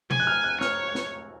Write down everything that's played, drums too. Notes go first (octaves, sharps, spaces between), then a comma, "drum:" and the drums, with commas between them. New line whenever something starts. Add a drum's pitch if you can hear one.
G#5, drum: tom B2
F#6
F6
F#6
C#5 F6, drum: snare
drum: snare